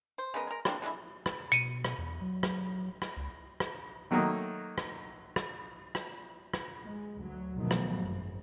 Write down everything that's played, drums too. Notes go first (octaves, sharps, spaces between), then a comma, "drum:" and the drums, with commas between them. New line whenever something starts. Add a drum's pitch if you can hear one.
C5
C#3 G#3 B3 A#4
G#3 A#4
A#3 C4 D4, drum: rim click
D3 G#3 C#4 E4
drum: rim click
B2 C#7 D#7
drum: rim click
E2
F#3
drum: rim click
drum: rim click
C#2
drum: rim click
D#3 F#3 A3 A#3 D#4
drum: rim click
drum: rim click
drum: rim click
drum: rim click
G#3
D2 F#3
B2 D#3 F3 F#3 A3
drum: rim click
G#1 F#2